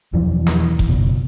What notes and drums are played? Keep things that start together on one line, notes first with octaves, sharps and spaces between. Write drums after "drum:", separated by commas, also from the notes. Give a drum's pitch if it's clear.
E1 F2 E3 F#3
drum: snare
drum: kick F1
F#1 B2